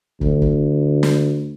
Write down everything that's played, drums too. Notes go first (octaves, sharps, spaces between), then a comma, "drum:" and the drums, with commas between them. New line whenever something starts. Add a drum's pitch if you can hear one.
D2, drum: kick
drum: kick
drum: snare